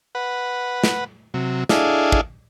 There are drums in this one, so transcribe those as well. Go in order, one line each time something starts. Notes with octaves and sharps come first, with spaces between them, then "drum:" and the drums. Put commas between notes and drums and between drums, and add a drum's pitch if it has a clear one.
B4 F#5
drum: snare
C3 F#3
D4 E4 G#4 A4 D#5 F5, drum: snare
drum: kick